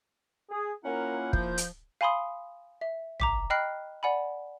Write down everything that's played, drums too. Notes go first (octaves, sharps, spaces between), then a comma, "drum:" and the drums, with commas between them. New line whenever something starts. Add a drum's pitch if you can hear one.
G#4 D#6
A#3 C#4 E4 F4 A#4 F#5 A#5
F3 C5 G6, drum: kick
drum: hi-hat
F5 G#5 B5 C6 D#6
E5
A#5 D6 B6, drum: tom
D#5 G5 B5 F6 F#6 C7
D5 F#5 G#5 B5